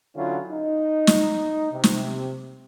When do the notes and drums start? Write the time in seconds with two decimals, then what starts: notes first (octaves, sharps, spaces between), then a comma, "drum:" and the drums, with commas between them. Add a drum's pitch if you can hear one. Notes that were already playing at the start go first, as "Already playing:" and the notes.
0.16 D3 F#3 C#4 E4 F4
0.51 D#4
1.07 drum: snare
1.72 C3
1.84 drum: snare